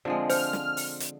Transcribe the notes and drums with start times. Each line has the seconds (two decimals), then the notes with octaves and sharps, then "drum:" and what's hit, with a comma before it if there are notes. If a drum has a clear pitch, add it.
0.05 D3 F3 G#3 C4 F4
0.30 C5 F6, drum: open hi-hat
0.53 drum: snare
0.77 drum: open hi-hat
1.00 drum: hi-hat